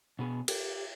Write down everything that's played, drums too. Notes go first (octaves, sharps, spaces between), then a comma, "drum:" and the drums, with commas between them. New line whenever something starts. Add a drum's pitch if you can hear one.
B2 B3 G#4
G4, drum: cymbal